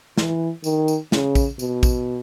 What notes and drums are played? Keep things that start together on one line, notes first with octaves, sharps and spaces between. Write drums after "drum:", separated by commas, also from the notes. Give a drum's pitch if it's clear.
E3, drum: snare
D#3, drum: tambourine
drum: tambourine
C#3, drum: snare
drum: kick, tambourine
B2, drum: tambourine
drum: kick, tambourine